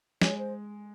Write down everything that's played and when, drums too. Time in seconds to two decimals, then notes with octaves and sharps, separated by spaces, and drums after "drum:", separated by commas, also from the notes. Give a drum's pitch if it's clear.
0.22 G#3 C#5, drum: snare
0.38 C5